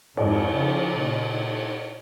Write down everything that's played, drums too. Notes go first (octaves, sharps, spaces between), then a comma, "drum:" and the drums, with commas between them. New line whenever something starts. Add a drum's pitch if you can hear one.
F2 G#2, drum: cymbal
C#3 F3
A#2 C#3